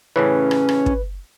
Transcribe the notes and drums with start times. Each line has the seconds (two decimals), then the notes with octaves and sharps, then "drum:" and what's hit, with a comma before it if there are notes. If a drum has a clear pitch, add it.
0.16 A2 C#3 E3 C#4 B4
0.51 drum: rim click
0.69 drum: rim click
0.86 drum: kick